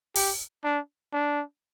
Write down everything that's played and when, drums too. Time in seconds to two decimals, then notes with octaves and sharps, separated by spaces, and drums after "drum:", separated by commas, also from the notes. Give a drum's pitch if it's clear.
0.16 G4, drum: open hi-hat
0.64 D4
1.13 D4